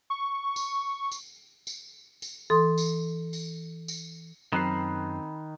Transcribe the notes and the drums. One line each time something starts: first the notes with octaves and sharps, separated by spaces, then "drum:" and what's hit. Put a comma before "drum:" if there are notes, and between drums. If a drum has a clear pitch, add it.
C#6
drum: tambourine
drum: tambourine
drum: tambourine
drum: tambourine
E3 A4 C6 D#6
drum: tambourine
drum: tambourine
drum: tambourine
F#2 D#3 C4 B5 F#6 C7